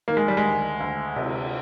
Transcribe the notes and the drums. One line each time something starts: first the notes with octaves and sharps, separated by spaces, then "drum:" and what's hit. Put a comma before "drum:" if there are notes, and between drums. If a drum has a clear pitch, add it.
D#3 A#3
G#3
G3
G#3
D2
D2
C3, drum: cymbal